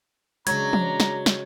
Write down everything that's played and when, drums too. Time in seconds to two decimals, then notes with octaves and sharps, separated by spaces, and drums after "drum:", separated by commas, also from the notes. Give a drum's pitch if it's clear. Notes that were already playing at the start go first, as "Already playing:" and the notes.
0.47 C#3 F#3 G#3 D4 A#5 G#6, drum: hi-hat
0.73 drum: tom
1.00 drum: snare
1.26 drum: snare